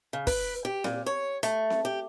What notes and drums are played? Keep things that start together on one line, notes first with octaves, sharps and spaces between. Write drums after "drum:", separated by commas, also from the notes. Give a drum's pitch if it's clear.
C#3
B4, drum: kick, open hi-hat
G4
A#2, drum: snare C4
C#5
A3, drum: hi-hat
drum: snare C4
G4